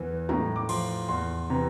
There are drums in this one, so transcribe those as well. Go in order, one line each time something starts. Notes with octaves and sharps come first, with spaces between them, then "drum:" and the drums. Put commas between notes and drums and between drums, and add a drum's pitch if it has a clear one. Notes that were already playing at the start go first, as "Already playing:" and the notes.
Already playing: E2 E3
A2 A#5, drum: tom
D6
F3 C6, drum: cymbal
E2 C6
C3 E3 A#5